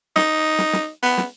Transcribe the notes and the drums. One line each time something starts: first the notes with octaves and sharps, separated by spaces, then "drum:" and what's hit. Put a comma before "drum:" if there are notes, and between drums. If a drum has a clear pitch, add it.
D#4, drum: snare
drum: snare
drum: snare
B3
drum: snare